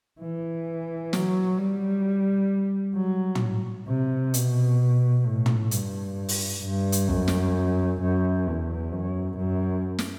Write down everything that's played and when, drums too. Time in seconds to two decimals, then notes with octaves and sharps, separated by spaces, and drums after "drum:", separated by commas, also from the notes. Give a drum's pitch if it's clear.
0.21 E3
1.13 F#3, drum: snare
1.59 G3
2.96 F#3
3.35 drum: tom
3.88 C3
4.34 B2, drum: hi-hat
5.26 A2
5.46 drum: tom
5.71 G2, drum: hi-hat
6.29 drum: open hi-hat
6.64 G2
6.92 drum: hi-hat
7.09 F#2, drum: kick
7.28 drum: snare
8.01 F#2
8.47 E2
8.93 F#2
9.38 F#2
9.99 drum: snare